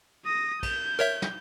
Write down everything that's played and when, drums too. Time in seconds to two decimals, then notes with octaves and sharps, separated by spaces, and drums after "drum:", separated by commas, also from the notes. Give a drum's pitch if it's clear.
0.25 D#6 A#6
0.63 G6, drum: kick, cymbal
0.99 A#4 C#5 E5
1.22 drum: snare